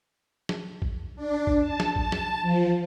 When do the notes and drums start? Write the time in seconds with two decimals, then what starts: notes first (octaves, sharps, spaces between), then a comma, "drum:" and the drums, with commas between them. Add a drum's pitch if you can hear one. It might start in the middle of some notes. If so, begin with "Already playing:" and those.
0.49 drum: snare
0.82 drum: kick A1
1.16 D4
1.47 drum: kick A1
1.60 A5
1.80 drum: snare
1.96 A5, drum: kick A1
2.12 drum: snare
2.42 F3